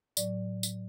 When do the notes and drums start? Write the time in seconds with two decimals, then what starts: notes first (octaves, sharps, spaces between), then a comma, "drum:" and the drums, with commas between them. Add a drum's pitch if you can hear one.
0.17 A2 F#3 D5, drum: tambourine
0.63 drum: tambourine